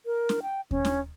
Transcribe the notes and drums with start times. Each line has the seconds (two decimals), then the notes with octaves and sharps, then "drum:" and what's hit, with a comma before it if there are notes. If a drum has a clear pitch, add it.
0.06 A#4
0.29 drum: snare
0.43 G5
0.71 C#4, drum: kick D#2
0.85 drum: snare